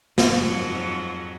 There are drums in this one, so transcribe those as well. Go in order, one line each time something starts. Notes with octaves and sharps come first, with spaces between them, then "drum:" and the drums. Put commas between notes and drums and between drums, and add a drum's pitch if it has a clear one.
F2 G#2 F#3, drum: snare